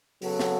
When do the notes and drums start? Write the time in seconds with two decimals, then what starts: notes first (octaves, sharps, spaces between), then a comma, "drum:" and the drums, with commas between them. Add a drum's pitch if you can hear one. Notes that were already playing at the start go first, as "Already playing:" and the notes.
0.22 C#3 F#3 B3 F#4 A4, drum: open hi-hat
0.40 drum: snare